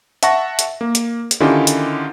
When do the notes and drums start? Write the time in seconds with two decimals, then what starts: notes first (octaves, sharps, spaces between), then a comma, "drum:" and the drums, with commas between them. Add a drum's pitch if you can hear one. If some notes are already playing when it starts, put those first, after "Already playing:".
0.23 E5 F#5 A5 C#6 A#6, drum: hi-hat
0.59 drum: hi-hat
0.81 A#3
0.95 drum: hi-hat
1.31 drum: hi-hat
1.40 D3 D#3 C#4 E4 F4 G4
1.67 drum: hi-hat